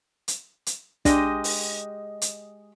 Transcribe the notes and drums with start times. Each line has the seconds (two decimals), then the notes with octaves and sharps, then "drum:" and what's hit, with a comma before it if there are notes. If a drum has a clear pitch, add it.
0.28 drum: hi-hat
0.66 drum: hi-hat
1.05 G#3 D4 G4 D#5, drum: kick, hi-hat
1.44 drum: open hi-hat
2.22 drum: hi-hat